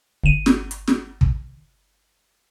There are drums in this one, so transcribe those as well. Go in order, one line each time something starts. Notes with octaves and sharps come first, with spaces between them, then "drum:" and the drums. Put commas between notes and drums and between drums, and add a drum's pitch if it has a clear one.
G1 D#7
drum: snare
drum: hi-hat
drum: snare
drum: kick